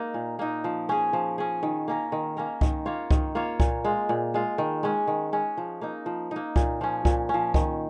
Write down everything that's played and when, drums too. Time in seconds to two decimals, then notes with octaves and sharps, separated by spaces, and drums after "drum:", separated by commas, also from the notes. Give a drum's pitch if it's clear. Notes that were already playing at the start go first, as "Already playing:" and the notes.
Already playing: A#3 D#4
0.14 A#2
0.39 A#3 D#4
0.64 F3
0.89 C#4 G#4
1.13 F3
1.38 C#4 G#4
1.63 D#3
1.88 A#3 C#4 A#4
2.12 D#3
2.37 A#3 C#4 A#4
2.61 D#3, drum: kick C2
2.86 A#3 F4 C#5
3.11 D#3, drum: kick C2
3.35 A#3 F4 C#5
3.60 A#2, drum: kick C2
3.84 G#3 F4
4.09 A#2
4.34 G#3 F4
4.58 D#3
4.83 G#3 C#4
5.07 D#3
5.32 G#3 C#4
5.57 F3
5.81 A#3 D#4
6.06 F3
6.31 A#3 D#4
6.56 A#2, drum: kick C2
6.81 F3 C#4
7.05 A#2, drum: kick C2
7.29 F3 C#4
7.54 D#3, drum: kick C2